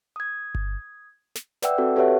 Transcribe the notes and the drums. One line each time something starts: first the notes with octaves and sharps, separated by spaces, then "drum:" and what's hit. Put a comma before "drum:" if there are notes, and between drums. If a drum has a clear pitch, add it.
D#6 G#6
drum: kick G1
drum: snare
B4 D5 E5 F#5 G5 E6, drum: snare
C4 F#4 A4
G4 A4 B4 C#5 E5 F#5